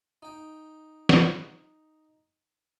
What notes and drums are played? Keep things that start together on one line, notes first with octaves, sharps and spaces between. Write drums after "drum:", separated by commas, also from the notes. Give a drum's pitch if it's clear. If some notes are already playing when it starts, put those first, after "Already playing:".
D#4 G5
drum: snare